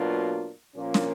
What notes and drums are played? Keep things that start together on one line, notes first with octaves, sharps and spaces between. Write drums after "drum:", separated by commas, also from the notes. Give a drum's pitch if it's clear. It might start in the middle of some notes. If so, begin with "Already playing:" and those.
Already playing: B2 F#3 A#3 D4 F4
A#2 F3 A#3 C#4
drum: snare